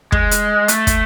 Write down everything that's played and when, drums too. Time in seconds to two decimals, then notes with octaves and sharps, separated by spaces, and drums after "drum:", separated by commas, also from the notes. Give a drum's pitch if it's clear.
0.12 G#3, drum: kick
0.31 drum: hi-hat
0.68 A3, drum: hi-hat
0.87 drum: kick, hi-hat